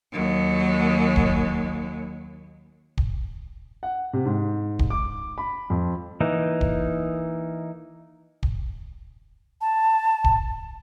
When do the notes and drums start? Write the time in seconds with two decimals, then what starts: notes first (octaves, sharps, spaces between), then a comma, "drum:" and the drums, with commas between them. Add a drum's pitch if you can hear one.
0.13 D#2 F#3
1.16 drum: kick
2.98 drum: kick
3.83 F#5
4.13 C3
4.25 G#2
4.79 drum: kick
4.90 D6
5.38 B5
5.70 F2
6.21 E3 A#3 D#4
6.61 drum: kick
8.43 drum: kick
9.61 A5
10.24 drum: kick